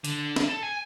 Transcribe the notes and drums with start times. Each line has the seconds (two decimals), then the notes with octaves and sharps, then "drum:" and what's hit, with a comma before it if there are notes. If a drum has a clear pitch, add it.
0.04 D3, drum: hi-hat
0.36 drum: snare
0.48 A4
0.63 G#5